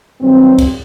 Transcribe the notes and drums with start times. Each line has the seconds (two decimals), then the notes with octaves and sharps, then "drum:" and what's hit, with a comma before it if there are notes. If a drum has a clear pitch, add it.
0.21 G2 D#3 F#3 C4
0.58 drum: kick, cymbal